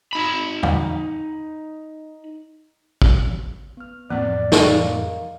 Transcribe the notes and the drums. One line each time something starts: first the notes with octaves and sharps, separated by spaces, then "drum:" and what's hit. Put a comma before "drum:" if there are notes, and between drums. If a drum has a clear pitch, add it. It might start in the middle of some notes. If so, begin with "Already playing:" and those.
D#4 B5
drum: tom E2
drum: kick
B3 F6
F2 A2 E3 A#3 C4 D5
drum: snare
A#4 D#5 F5